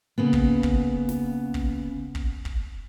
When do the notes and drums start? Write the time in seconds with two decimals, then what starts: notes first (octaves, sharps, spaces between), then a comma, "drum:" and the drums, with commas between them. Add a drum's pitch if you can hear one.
0.18 C#3 A#3 B3
0.33 drum: kick
0.63 drum: kick
1.09 drum: snare
1.54 drum: kick
2.15 drum: kick
2.45 drum: kick